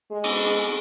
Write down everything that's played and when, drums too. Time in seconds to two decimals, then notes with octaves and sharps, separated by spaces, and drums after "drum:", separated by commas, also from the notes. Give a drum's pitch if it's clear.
0.11 G#3
0.24 drum: cymbal